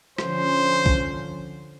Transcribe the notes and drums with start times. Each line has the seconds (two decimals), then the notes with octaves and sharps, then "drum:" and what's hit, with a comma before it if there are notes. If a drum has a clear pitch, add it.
0.18 D3 F3 C#4 C5, drum: rim click
0.86 drum: kick